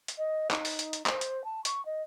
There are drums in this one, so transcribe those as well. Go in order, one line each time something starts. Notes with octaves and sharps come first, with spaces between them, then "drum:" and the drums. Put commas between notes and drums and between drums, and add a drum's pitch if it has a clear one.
drum: hi-hat
D#5
D#4, drum: clap
drum: open hi-hat
drum: hi-hat
drum: hi-hat
C5, drum: clap
drum: hi-hat
A5
C#6, drum: hi-hat
D#5